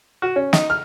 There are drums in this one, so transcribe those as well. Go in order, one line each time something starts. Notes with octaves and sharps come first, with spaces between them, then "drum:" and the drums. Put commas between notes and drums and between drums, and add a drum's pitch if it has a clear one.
F#4
C#4
D#4, drum: snare
F6